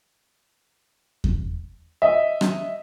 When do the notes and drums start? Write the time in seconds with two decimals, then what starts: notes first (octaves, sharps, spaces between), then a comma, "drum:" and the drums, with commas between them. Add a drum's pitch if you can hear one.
1.24 drum: kick E2
2.02 D#5 E5
2.41 drum: rim click